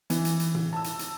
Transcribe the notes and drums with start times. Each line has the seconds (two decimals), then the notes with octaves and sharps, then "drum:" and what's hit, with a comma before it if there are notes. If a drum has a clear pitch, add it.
0.10 E3, drum: hi-hat
0.25 drum: hi-hat
0.40 drum: hi-hat
0.55 drum: tom
0.73 A5 E6
0.84 drum: hi-hat
0.99 drum: hi-hat